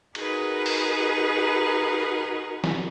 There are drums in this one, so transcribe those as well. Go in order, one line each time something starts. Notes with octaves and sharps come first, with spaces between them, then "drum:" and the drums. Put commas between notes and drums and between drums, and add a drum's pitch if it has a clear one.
D#4 F#4 G#4 A#4 B4, drum: cymbal
drum: open hi-hat
drum: snare